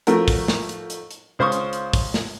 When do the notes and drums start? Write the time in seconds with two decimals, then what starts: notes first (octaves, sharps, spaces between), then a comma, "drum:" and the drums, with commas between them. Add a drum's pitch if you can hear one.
0.07 F3 A3 F#4 A#4, drum: hi-hat
0.28 drum: kick, open hi-hat
0.48 drum: snare
0.69 drum: hi-hat
0.90 drum: hi-hat
1.11 drum: hi-hat
1.39 C#2 C5 F5 C6 C#6 D#6
1.52 drum: hi-hat
1.73 drum: hi-hat
1.93 drum: kick, open hi-hat
2.14 drum: snare